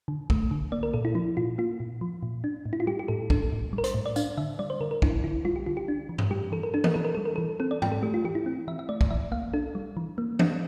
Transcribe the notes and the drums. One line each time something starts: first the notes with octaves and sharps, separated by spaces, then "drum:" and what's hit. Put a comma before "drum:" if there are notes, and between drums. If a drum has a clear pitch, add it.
D3
A3, drum: kick
D3
A#3 D5
A#4
A#2 A4
E4
F3 E4
A#2 F4
A#3 F4
A#2
F3
A#2
D4
A2
E4
F4
G3 G4
G4
A2 A4
D4 A4, drum: kick
A2
G3
A#4
C5, drum: hi-hat
A2
D5
D4 F5, drum: tambourine
D3 E5
G3 D5
C5
D3 A#4
A#4
D4 E4, drum: kick
D3 E4
G3 F4
G4
D3 F4
G4
D4
E3
drum: tom G2
G3 G4
E3 A4
A#4
D4 A4
A#4, drum: tom E3
E3 A4
A#4
G3 A4
A#4
E3 A4
C4 A4
D5
E3 G5, drum: tom G#2
A4
A3 G4
F4
E3 G4
E4
C4
E3 E5
E5
A3 D5
D5, drum: kick
E3 E5
A#3 F5
D4 A4
G3
E3
A#3
D4, drum: tom E3